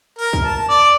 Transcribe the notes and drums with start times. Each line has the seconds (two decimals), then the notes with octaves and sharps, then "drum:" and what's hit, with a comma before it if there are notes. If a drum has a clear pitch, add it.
0.19 A#4, drum: open hi-hat
0.33 drum: kick
0.44 A5
0.69 D5